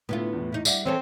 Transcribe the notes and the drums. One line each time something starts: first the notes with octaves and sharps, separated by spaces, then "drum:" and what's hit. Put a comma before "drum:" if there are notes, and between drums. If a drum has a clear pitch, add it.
A2 D3 A3 B3 E4 F4
E2 A2
D#4 E4
G3 D5 E5 F#5, drum: tambourine
E3 C4 C#4 A4